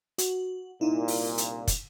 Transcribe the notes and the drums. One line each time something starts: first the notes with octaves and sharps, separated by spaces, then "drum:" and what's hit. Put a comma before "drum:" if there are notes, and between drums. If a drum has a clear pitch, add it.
F#4, drum: hi-hat
C2 A#2 D#4 E4
drum: open hi-hat
drum: hi-hat
drum: kick, hi-hat